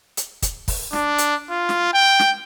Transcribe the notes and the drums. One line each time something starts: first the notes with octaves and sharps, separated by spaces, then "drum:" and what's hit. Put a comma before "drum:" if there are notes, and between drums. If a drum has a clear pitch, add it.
drum: hi-hat
drum: kick, hi-hat
drum: kick, open hi-hat
D4, drum: snare
drum: hi-hat
F4
drum: snare
G5
drum: snare